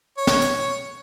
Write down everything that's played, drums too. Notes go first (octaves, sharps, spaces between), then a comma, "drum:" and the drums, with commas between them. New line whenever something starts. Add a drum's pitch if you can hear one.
C#5
drum: snare
drum: hi-hat